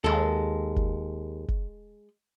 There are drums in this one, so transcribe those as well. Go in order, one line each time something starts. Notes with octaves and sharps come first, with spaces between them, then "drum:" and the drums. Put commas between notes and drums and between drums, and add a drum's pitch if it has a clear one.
D#2 G#3 A4
drum: kick
drum: kick